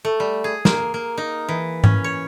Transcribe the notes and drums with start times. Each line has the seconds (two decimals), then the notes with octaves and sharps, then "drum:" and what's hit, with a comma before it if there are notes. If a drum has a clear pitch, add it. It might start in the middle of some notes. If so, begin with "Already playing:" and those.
0.05 A3
0.20 G3
0.44 G#4
0.65 A#3, drum: snare
0.94 A#3
1.18 D#4
1.49 E3
1.84 C#4, drum: tom G#2
2.04 C#5